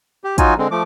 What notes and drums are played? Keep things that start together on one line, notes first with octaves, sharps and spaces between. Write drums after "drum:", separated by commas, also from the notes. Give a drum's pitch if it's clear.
G4
F#3 D#4 F4 F#4 G#5, drum: kick, hi-hat
D3 G#3 C4
F3 A3 D6